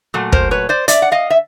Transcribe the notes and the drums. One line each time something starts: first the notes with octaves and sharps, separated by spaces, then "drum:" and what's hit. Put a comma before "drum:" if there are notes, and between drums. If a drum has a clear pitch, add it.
A#2 F#3 A3
A#4 C5, drum: kick
B4 C#5
C5 D5
D5 E5, drum: hi-hat
F#5
D#5 F5
E5